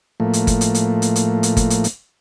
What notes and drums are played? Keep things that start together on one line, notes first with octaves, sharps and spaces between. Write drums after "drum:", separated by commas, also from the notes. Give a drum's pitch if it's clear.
A2 F3 A3 A#3
drum: hi-hat
drum: kick G1, hi-hat
drum: hi-hat
drum: hi-hat
drum: hi-hat
drum: hi-hat
drum: hi-hat
drum: kick G1, hi-hat
drum: hi-hat
drum: hi-hat